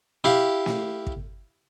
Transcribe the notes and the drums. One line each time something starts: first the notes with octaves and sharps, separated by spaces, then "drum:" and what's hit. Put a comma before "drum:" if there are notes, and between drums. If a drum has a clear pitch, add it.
E4 G4 F5
drum: snare
drum: kick